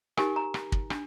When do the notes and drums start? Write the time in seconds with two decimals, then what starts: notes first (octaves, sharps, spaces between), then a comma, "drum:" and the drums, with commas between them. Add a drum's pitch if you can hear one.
0.17 D#4 G4 A#4 G#5, drum: rim click
0.36 A#5
0.54 drum: rim click
0.72 drum: kick
0.90 D4, drum: rim click